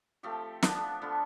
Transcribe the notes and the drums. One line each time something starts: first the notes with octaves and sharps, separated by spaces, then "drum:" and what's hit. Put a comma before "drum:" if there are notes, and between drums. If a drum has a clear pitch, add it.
F3 A3 C4 G4
F3 B3 D4, drum: snare
D3 F3 B3 F4